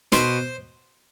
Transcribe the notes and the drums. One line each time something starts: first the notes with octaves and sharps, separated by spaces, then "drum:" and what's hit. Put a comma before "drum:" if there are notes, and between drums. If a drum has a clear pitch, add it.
B2 C5, drum: snare